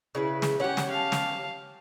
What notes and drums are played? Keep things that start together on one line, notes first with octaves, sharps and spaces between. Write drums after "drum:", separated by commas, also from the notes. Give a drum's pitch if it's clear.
C#3 E4 B4
drum: snare
C#4 G4 F#5
drum: snare
F5 A5
drum: snare